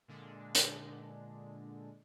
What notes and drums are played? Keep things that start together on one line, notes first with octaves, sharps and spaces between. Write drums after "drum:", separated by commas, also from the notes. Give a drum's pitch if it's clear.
A#2 D3 G#3 D4
drum: hi-hat